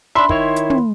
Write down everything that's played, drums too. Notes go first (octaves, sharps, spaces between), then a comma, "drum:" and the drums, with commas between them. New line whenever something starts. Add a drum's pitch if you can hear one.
D4 E5 B5 C6
D#3 E4 C#5, drum: kick
drum: hi-hat
drum: tom